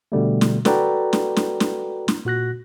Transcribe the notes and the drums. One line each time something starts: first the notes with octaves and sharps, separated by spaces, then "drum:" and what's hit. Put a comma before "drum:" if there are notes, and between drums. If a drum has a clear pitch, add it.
B2 D3 G3 A3
drum: snare
F#4 A4 B4 D5 G5 A#5, drum: snare
drum: snare
drum: snare
drum: snare
drum: snare
A#2 F#4 F#6 A#6